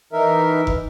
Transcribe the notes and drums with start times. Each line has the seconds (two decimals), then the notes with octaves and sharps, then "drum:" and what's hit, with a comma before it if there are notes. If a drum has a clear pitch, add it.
0.13 E3 D#4 A#4 E5
0.67 drum: kick